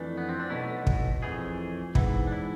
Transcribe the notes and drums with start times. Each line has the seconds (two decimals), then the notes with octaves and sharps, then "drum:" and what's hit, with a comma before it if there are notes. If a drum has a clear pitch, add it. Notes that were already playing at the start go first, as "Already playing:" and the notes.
Already playing: F2 E3 A3 D4
0.17 B3
0.29 C4
0.40 D4
0.50 B1 B2 A3 E4
0.87 drum: kick
1.22 F2 E3 A3 G#4
1.95 G#2 E3 B3 E4, drum: kick
2.27 D4
2.32 E4